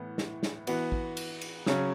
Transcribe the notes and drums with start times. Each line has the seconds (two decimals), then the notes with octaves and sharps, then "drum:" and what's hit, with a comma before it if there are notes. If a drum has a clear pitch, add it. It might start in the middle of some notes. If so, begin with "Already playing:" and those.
Already playing: A2 E3 B3
0.18 drum: snare
0.43 drum: snare
0.67 E3 B3 F#4, drum: cymbal
0.92 drum: kick
1.17 drum: cymbal
1.41 drum: cymbal
1.66 C#3 F#3 C#4, drum: snare